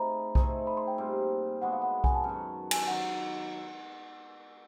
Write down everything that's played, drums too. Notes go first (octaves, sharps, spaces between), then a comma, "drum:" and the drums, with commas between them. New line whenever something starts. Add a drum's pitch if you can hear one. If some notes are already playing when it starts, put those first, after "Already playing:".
Already playing: A3 C4 D#4 G#4 A#5 B5
A3 C4 D#4 G#4, drum: kick B1
B5
C6
G5
A#2 G3 C4
G#3 B3 D4 F#4 F#5
F5
F#5
G#5, drum: kick B1
A5
F#2 D#3 F#3
G#5, drum: cymbal
D#3 F#3 F#5